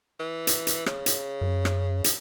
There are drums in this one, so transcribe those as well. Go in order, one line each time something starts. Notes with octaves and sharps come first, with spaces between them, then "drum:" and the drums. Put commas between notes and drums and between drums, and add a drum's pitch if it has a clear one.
E3
drum: hi-hat
drum: hi-hat
C#3, drum: rim click
drum: hi-hat
F#2
drum: rim click
drum: hi-hat